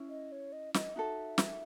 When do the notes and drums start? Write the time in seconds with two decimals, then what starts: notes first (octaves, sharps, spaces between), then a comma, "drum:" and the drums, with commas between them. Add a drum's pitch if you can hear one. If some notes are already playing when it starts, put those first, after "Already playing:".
Already playing: C#4 E4
0.10 D#5
0.32 C#5
0.52 D#5
0.74 D#5, drum: snare
0.95 D#4 F#4 A4 E5
1.38 drum: snare